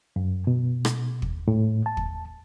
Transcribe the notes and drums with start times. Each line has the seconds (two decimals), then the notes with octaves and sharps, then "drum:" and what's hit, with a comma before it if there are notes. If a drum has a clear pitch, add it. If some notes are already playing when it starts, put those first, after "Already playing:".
0.16 F#2
0.47 B2
0.85 drum: rim click
1.22 drum: kick
1.48 A2
1.86 A5
1.97 drum: kick